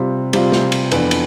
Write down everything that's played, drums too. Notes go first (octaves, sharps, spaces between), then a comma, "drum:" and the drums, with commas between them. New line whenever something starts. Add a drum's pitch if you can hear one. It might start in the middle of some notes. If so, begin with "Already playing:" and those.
Already playing: C3 G3 C4 F4
C3 G3 C4 F4, drum: cymbal
drum: snare
drum: cymbal
F2 E3 B3 D4, drum: cymbal
drum: cymbal